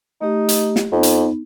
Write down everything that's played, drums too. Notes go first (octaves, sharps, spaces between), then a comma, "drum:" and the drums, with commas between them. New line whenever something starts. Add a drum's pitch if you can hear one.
A3 D#4 G4 D#5
drum: hi-hat
drum: snare
F2 B3 D#4
drum: hi-hat